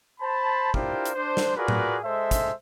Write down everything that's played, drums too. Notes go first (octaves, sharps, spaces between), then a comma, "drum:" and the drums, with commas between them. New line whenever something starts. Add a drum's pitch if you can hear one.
C5 A5 B5
D4 E4 F4 G4 A#4 C5, drum: kick
drum: hi-hat
D4 C5
drum: snare
F4 F#4 G#4 A#4 B4 D5
drum: tom A2
G#3 A4 C5 E5
drum: kick, hi-hat